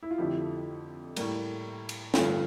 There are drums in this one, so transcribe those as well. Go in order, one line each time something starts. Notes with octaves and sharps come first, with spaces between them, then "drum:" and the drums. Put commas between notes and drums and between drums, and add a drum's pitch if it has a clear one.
E4
F4
F2 D3 F3 A3 E4 G4
A2 G3 A#3, drum: cymbal
drum: cymbal
G2 D3 F3 A3 F4, drum: snare